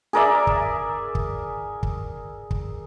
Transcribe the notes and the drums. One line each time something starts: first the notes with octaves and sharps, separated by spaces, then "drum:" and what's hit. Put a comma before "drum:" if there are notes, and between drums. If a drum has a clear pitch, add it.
G#4 A#4 D5 E5
drum: kick
drum: kick
drum: kick
drum: kick